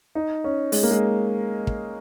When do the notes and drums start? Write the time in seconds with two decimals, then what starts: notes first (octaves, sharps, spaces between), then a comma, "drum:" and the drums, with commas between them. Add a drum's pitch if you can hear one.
0.15 D#4
0.44 C#4
0.72 G#3, drum: open hi-hat
0.83 A#3
0.91 G#3
1.67 drum: kick